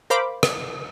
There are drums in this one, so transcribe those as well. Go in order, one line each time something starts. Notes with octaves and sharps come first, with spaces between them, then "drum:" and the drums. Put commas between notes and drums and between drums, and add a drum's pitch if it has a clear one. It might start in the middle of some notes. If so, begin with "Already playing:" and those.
A#4 C5 F5 B5 D6
drum: rim click